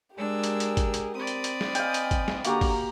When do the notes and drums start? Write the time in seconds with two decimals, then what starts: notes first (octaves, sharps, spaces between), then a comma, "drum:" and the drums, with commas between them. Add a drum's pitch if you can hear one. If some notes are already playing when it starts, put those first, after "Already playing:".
0.17 G#3 D4 G4 G#4 A#4 E6
0.44 drum: hi-hat
0.60 drum: hi-hat
0.77 drum: kick G#1, hi-hat
0.94 drum: hi-hat
1.15 C4 D5 B5 D#6
1.27 drum: hi-hat
1.44 drum: hi-hat
1.61 drum: snare
1.75 D#5 F5 G5 G#5, drum: hi-hat
1.94 drum: hi-hat
2.11 drum: kick G#1, hi-hat
2.28 drum: snare
2.45 D3 A#3 F#4 G4 A#5, drum: hi-hat
2.61 drum: kick G#1, open hi-hat